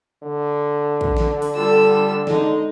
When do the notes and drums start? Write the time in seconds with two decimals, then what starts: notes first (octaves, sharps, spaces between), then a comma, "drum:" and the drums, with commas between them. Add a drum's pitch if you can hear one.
0.23 D3
1.01 drum: kick
1.17 drum: snare
1.42 drum: open hi-hat
1.55 G3 F4 A4 E6
2.27 G#3 D#4, drum: snare